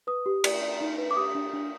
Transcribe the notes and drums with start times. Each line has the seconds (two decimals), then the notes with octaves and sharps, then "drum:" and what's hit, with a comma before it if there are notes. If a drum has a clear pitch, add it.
0.07 B4 D#6
0.26 G4
0.44 D5, drum: cymbal
0.63 D5
0.81 D#4
0.98 B4
1.11 D6
1.16 G4 D#6
1.35 D4
1.53 D4